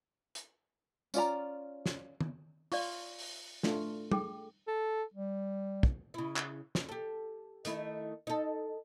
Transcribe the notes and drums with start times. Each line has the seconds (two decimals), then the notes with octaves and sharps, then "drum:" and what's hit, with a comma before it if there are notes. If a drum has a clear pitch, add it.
0.35 drum: hi-hat
1.14 C#4 F4 D5 A#5, drum: tambourine
1.86 drum: snare
2.21 drum: tom
2.72 F4 D5 F5 C#6, drum: open hi-hat
3.19 drum: open hi-hat
3.63 A3 D4 F4, drum: snare
4.12 G#4 A4 G5, drum: tom
4.67 A4
5.14 G3
5.83 drum: kick
6.14 C#3 E4
6.36 drum: clap
6.75 drum: snare
6.89 G4 A4
7.65 D#3 A3 E4, drum: hi-hat
8.27 D#4 A4